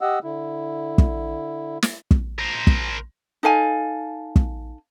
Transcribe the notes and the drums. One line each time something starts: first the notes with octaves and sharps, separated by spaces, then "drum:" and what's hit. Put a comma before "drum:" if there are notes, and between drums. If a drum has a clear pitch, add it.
G4 D#5 F#5 E6
D3 E4
drum: kick
drum: snare
drum: kick
A#4 C5
drum: kick
D#4 A4 F5 G#5
drum: kick